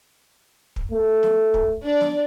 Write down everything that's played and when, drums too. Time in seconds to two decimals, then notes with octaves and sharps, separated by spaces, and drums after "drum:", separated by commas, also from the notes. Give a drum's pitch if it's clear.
0.76 drum: kick
0.92 A3
1.23 drum: snare
1.54 drum: kick
1.82 D4 D5
2.01 drum: snare